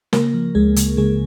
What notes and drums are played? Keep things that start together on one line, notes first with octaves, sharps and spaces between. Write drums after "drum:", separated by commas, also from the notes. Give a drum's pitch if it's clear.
C#3 A#3 A#4, drum: snare
F3
C#2 G#3 G#4
C#3, drum: hi-hat
C#3 G#3 G#4